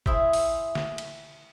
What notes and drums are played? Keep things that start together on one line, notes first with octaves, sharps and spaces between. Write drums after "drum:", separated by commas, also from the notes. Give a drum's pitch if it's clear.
E4 G#4 C5 E5, drum: kick
drum: open hi-hat
drum: snare
drum: cymbal